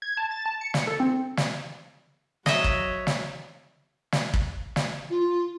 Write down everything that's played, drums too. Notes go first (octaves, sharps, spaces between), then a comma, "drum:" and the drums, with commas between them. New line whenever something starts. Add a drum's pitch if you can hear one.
G#6
A5
A6
A5
C#7
C#7, drum: snare
A4
C4
drum: snare
F#3 C#5 D#5 E5, drum: snare
drum: kick
drum: snare
drum: snare
drum: kick
drum: snare
F4